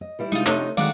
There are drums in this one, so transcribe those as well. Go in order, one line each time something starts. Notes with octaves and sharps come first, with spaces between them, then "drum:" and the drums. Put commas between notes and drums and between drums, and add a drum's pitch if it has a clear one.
D#5
E3 G3 E4
C3 G#3 D#4 F4
F2 C3 A3 C#4 D#4 G4 A4 C#5, drum: clap
D3 D#3 G#3 C4 F#4 D5 E5 F5, drum: tambourine